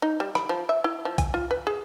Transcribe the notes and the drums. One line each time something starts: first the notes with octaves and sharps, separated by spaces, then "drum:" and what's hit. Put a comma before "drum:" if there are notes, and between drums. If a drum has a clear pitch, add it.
D#4
G3
B5, drum: rim click
F3
E5
E4
F3
G#5, drum: kick A#1, hi-hat
F4
B4
G#4